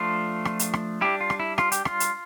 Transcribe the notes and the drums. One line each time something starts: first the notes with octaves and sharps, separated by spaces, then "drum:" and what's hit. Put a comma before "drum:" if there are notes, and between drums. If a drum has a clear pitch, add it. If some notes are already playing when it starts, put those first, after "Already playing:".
Already playing: F3 A3 D4 F4
drum: rim click
drum: hi-hat
drum: rim click
G3 D4 E4 G4
F4
drum: rim click
E4
F4, drum: rim click
G4, drum: hi-hat
F4, drum: rim click
drum: hi-hat